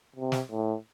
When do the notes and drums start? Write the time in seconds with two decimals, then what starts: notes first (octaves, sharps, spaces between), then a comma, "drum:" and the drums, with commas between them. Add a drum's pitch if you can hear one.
0.16 C3
0.32 drum: snare
0.51 A2